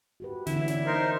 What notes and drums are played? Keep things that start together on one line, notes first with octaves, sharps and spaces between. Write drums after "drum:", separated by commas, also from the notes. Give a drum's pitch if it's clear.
F#4 G4 B4
D3 E3 C#4 E4, drum: snare
D5, drum: snare
D#4 A#4 C5